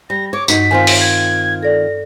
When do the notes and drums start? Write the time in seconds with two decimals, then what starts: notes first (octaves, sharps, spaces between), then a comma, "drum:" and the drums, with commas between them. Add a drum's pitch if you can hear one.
0.10 G3 A#6
0.33 C#5 D6
0.48 G2 D#4 F#4 B6, drum: tambourine
0.71 D#3 C4 F4 G#5
0.87 drum: open hi-hat
1.01 G#6
1.63 A4 D5 A#6